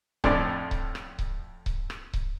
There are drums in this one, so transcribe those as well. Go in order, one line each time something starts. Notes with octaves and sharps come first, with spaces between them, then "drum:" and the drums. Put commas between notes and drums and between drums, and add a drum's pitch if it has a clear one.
F2 A2 D3 F3 D5 F6, drum: kick C#1
drum: kick C#1
drum: rim click
drum: kick C#1
drum: kick C#1
drum: rim click
drum: kick C#1